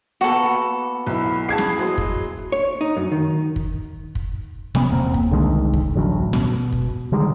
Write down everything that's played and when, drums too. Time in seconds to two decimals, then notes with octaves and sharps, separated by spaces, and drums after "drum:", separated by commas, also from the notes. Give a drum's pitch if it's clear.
0.21 A#3 B3 F#4 A4
1.06 B1 E4 C#6
1.49 G#4 A5 C#6 D#6 G#6 C7
1.58 drum: snare
1.78 F#3 G#4 D#5 C6
1.98 drum: kick
2.52 C#5
2.81 D#4
2.97 F#2
3.12 D#3
3.56 drum: kick
4.15 drum: kick
4.75 C3 B3, drum: snare
4.91 E1 A#3 C4
5.14 drum: kick
5.32 C2 D3 D#3 G#3
5.73 drum: kick
5.96 A1 D2 F#3
6.33 B2, drum: snare
6.72 drum: kick
7.12 D3 D#3 G3 G#3